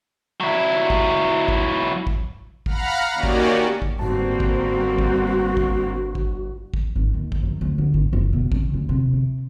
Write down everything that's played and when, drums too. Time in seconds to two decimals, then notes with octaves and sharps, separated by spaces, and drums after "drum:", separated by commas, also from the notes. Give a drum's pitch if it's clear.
0.40 F#3 E4
0.90 drum: kick
1.48 drum: kick
2.07 drum: kick
2.66 F5 F#5 A#5 B5 F6, drum: kick
3.13 D#3 A#3 C#4 F#4 G4 D5
3.23 drum: kick
3.82 drum: kick
3.99 G1 G#2 G3 A#3 C4 F#4 A5
4.40 drum: kick
4.99 drum: kick
5.57 drum: kick
6.15 drum: kick
6.74 drum: kick
6.96 G#1
7.14 D#2
7.32 drum: kick
7.43 F#2
7.61 D2
7.78 D3
7.94 G#1
8.13 F#1
8.33 B2
8.52 C#3, drum: kick
8.74 D2
8.89 C3
9.13 C3